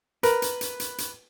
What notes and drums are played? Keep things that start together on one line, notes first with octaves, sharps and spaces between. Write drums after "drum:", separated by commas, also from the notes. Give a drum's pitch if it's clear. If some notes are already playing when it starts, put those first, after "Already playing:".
A#4 B4, drum: hi-hat
drum: hi-hat
drum: hi-hat
drum: hi-hat
drum: hi-hat